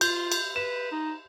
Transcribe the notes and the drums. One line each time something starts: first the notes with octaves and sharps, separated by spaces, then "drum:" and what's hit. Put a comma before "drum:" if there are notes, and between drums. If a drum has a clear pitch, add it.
F4 G6, drum: cymbal
drum: cymbal
B4 E7
D#4